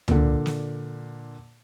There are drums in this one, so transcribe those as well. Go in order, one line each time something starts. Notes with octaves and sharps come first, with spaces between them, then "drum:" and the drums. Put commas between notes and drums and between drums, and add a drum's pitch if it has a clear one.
A#2 D3, drum: tom C#2
drum: snare